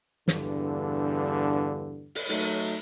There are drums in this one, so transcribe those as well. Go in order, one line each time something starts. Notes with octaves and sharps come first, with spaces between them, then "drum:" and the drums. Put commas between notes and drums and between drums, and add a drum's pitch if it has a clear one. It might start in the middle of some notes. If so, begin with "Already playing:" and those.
E2 G2 D3, drum: snare
drum: open hi-hat
F#3 A3 D#4, drum: open hi-hat